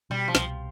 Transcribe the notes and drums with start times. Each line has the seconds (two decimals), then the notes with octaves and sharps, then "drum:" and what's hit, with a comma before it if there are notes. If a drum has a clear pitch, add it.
0.10 B2 G3
0.28 F3
0.35 C2, drum: snare